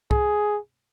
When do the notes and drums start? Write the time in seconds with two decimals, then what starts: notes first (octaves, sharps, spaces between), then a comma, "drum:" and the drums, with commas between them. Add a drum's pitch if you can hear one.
0.11 G#4, drum: kick C2